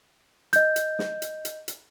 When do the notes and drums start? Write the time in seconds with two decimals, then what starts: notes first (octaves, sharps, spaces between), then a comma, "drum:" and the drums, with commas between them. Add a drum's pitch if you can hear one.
0.53 D#5 G6, drum: hi-hat
0.76 drum: hi-hat
0.99 drum: snare
1.22 drum: hi-hat
1.45 drum: hi-hat
1.68 drum: hi-hat